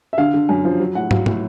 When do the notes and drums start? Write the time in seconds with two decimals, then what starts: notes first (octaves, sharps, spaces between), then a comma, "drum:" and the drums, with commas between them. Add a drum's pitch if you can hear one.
0.13 E5
0.18 D3 F5
0.34 D3
0.49 F#2
0.65 F3
0.80 F#3
0.95 A2 F#5
1.11 F#3 F5, drum: tom
1.26 A2, drum: tom